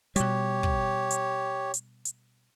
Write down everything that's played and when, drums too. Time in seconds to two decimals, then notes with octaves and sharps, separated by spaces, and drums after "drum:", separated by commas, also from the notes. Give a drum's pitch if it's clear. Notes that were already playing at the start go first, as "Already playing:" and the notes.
0.16 B2 G3 G4 C#5, drum: hi-hat
0.63 drum: kick
1.11 drum: hi-hat
1.74 drum: hi-hat
2.05 drum: hi-hat